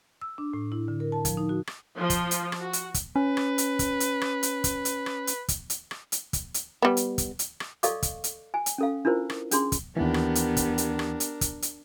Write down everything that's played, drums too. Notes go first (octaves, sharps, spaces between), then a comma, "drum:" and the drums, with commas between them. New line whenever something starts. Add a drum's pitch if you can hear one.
E6
D4
A2
E4
D3
A#4
A5
F3, drum: kick, hi-hat
D#4
F#4
drum: rim click
F3
drum: kick, hi-hat
drum: hi-hat
drum: rim click
F#4
drum: hi-hat
drum: kick, hi-hat
C#4 B4
drum: rim click
drum: hi-hat
drum: kick, hi-hat
drum: hi-hat
drum: rim click
drum: hi-hat
drum: kick, hi-hat
drum: hi-hat
drum: rim click
drum: hi-hat
drum: kick, hi-hat
drum: hi-hat
drum: rim click
drum: hi-hat
drum: kick, hi-hat
drum: hi-hat
G3 B3
drum: hi-hat
drum: kick, hi-hat
drum: hi-hat
drum: rim click
A4 D5 D#5 F5 C#6 D6, drum: hi-hat
drum: kick, hi-hat
drum: hi-hat
G#5
drum: hi-hat
C#4 A4 F5
D4 E4 F4 A#4 C5
drum: rim click
C#4 D4 G#4 C6, drum: hi-hat
drum: kick, hi-hat
D#2 E3 B3 D4 G4 A#4
drum: rim click
drum: hi-hat
drum: kick, hi-hat
drum: hi-hat
drum: rim click
drum: hi-hat
drum: kick, hi-hat
drum: hi-hat